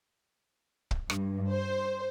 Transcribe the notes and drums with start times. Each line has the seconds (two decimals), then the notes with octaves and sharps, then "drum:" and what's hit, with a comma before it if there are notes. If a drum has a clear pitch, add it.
0.91 drum: kick
1.10 G2, drum: rim click
1.51 C5